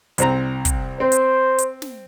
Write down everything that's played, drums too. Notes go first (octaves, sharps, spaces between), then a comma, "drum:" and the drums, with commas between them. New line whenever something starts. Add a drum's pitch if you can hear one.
C2 C4 A#5, drum: hi-hat
drum: kick, hi-hat
C4 C5
drum: hi-hat
drum: hi-hat
drum: snare